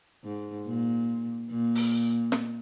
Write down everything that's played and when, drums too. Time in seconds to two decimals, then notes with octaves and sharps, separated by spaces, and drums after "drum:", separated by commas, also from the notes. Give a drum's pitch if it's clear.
0.24 G#2
0.67 A#2
1.50 A#2
1.75 drum: open hi-hat
2.32 drum: snare